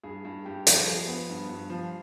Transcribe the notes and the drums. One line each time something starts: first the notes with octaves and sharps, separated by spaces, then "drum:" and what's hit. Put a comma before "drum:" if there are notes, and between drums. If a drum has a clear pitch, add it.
G2 G#4
G2
G2 G4
F3, drum: hi-hat
F3 G#4
B3
G2
G2
F3